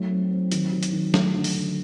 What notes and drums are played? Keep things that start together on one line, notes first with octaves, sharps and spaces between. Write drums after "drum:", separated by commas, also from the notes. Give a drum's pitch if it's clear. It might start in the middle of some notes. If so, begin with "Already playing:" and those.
Already playing: F#3 A3 D#4
C4
C4
D#3, drum: hi-hat
D#3
drum: hi-hat
D#3
A3, drum: snare
D3
drum: open hi-hat
D3